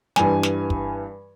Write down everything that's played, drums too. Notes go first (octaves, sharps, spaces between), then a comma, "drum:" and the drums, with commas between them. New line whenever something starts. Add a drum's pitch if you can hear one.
G2 E3 G3 G#5, drum: snare
drum: snare
drum: kick